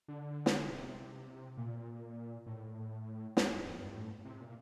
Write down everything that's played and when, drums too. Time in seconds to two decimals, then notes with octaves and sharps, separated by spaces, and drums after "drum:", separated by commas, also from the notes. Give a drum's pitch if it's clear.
0.08 D3
0.46 drum: snare
0.68 C3
1.57 A#2
2.47 A2
3.37 F2, drum: snare
3.51 G2
3.66 F2
3.80 G2
3.96 A2
4.25 C3
4.41 A#2